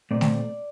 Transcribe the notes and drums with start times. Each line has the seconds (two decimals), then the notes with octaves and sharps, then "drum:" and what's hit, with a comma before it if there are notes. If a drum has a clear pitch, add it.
0.11 A#2 A3 C4 D5
0.21 drum: snare A3